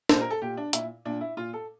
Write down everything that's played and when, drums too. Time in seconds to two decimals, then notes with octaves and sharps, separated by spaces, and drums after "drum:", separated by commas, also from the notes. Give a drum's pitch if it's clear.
0.09 A#2 C5, drum: snare
0.21 A#4
0.30 A4
0.42 A#2 G4
0.57 D4
0.73 A#2 E4, drum: hi-hat
1.05 A#2 D4
1.21 E4
1.37 A#2 F4
1.53 A4